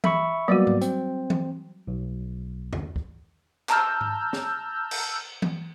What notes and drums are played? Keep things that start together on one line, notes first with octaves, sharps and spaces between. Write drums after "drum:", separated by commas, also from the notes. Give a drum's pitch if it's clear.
E5 B5 C#6, drum: tom E3
F#3 G3 A#3 B3 F#4 D5
drum: tom G#2
C4, drum: hi-hat
drum: tom E3
B1
drum: tom E2
drum: kick
A5 A#5 E6 F6 G6, drum: clap
drum: tom G#2
drum: snare
drum: cymbal
drum: tom E3